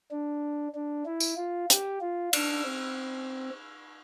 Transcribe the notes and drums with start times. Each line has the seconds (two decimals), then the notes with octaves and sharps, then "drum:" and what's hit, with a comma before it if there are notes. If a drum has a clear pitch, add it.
0.11 D4
0.75 D4
1.06 E4
1.20 drum: tambourine
1.37 F4
1.70 G4, drum: hi-hat
2.01 F4
2.33 D4, drum: cymbal
2.65 C4